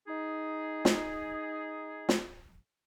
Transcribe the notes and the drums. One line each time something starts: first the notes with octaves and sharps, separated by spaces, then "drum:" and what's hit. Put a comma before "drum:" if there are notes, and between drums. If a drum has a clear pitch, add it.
D#4 G#4
drum: snare
drum: snare